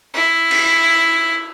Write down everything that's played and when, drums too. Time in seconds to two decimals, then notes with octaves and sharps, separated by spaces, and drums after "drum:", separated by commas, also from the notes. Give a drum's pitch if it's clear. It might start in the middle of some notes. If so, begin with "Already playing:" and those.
0.14 E4
0.51 drum: cymbal